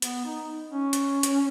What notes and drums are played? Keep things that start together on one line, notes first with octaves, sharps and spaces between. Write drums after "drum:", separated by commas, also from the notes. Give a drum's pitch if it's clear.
B3, drum: hi-hat
D#4
C#4
drum: hi-hat
drum: hi-hat